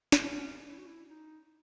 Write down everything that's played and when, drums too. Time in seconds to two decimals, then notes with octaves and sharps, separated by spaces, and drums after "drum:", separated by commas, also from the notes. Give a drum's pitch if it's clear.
0.12 drum: snare
0.26 C#4
0.68 E4
0.78 F#4
0.86 E4
1.10 D#4